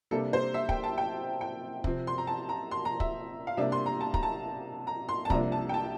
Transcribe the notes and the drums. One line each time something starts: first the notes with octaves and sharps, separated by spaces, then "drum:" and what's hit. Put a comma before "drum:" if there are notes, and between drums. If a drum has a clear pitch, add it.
C3 G3 A#3 D4 A4
C5
E5
G5, drum: kick
A5
G5
G5
C3 F3 C4, drum: kick
C6
A#5
A5
A#5
C6
A#5
E5, drum: kick
F5
C3 G3 A#3 D4 E5
C6
A#5
A5
A#5, drum: kick
A5
A#5
C6
A5
C2 C3 F3 A#3 D4 A#5, drum: kick
A5
G5
A5